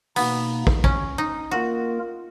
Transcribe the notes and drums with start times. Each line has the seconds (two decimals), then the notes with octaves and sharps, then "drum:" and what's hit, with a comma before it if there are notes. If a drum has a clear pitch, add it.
0.16 B2 A#3 B3 D#4, drum: open hi-hat
0.67 drum: kick
0.84 C#4, drum: kick
1.18 D#4
1.51 A#3 F4 F#4 A#4